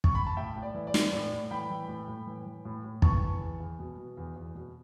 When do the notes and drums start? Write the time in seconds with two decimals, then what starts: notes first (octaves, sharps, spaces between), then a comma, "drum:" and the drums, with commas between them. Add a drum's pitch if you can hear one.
0.04 C#6, drum: kick
0.15 B5
0.27 A5
0.37 A2 E5 G5
0.56 A2
0.62 D5
0.74 E3
0.87 D5
0.94 E3, drum: snare
1.13 A2 D5
1.32 A2
1.51 E3 G5 B5
1.70 E3
1.88 A2
2.08 A2
2.27 E3
2.46 E3
2.65 A2
2.84 A2
3.02 E3 A5 C#6, drum: kick
3.22 E3
3.41 E2
3.60 E2
3.79 B2
3.98 B2
4.17 E2
4.36 E2
4.55 B2